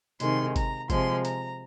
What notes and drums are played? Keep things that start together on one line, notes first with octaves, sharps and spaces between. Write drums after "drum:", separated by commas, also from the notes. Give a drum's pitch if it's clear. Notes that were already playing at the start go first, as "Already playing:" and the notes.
C3 D#3 G#3 C6, drum: hi-hat
A#5, drum: kick G1, hi-hat
C3 F3 G#3 C6, drum: kick G1, hi-hat
A#5, drum: hi-hat